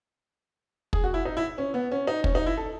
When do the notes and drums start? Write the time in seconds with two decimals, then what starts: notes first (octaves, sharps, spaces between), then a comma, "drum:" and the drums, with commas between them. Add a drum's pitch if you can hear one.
0.93 G#4, drum: kick
1.04 F#4
1.14 E4
1.25 D#4
1.37 E4
1.58 C#4
1.74 B3
1.92 C#4
2.07 D#4
2.24 C#4, drum: kick
2.35 D#4
2.46 E4
2.57 A4